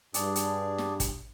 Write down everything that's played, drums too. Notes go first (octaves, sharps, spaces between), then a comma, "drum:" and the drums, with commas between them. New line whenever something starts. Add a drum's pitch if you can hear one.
G2 D4 G#4 D5, drum: hi-hat
drum: hi-hat
drum: snare
drum: kick, hi-hat